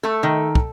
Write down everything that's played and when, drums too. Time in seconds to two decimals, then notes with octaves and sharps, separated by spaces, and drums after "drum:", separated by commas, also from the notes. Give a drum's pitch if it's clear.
0.03 A3 A4
0.23 D#3
0.55 drum: kick